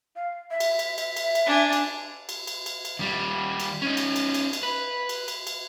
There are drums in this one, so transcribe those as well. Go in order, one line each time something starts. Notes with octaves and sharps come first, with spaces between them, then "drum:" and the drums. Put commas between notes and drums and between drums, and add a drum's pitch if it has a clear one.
F5
E5
drum: cymbal
drum: cymbal
E5, drum: cymbal
drum: cymbal
drum: cymbal
D4 G#5
drum: cymbal
drum: cymbal
drum: cymbal
drum: cymbal
drum: cymbal
D#2 G3
drum: cymbal
C#4 D#4
drum: cymbal
drum: cymbal
drum: cymbal
drum: cymbal
B4
drum: cymbal
drum: cymbal
drum: cymbal